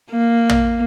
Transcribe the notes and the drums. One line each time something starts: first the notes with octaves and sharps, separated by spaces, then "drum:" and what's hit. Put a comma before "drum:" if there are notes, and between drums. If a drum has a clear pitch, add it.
A#3
drum: tom